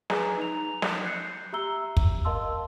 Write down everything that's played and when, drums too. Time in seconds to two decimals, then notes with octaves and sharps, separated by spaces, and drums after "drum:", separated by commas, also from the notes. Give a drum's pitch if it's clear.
0.10 G#4 B4 G#5 A#5, drum: snare
0.37 D#4 A#5 F7
0.82 drum: snare
1.05 F#6 G6 C7 C#7
1.53 G4 E5 A#5 E6 G7
1.97 drum: kick
2.25 A#4 D#5 F5 A5 C6 E6